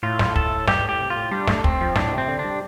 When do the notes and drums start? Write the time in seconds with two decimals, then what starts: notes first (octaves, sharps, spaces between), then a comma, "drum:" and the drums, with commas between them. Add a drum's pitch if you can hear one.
0.03 A2 F4
0.19 drum: snare
0.36 A4, drum: kick
0.68 G2 G4, drum: snare
0.84 A2 G4
1.00 C3
1.10 F4
1.16 A2
1.31 G3 D4
1.48 A3, drum: snare
1.64 C4, drum: kick
1.81 F3
1.96 A2 D4, drum: snare
2.13 C3
2.18 C4
2.28 D3
2.39 D4
2.44 G3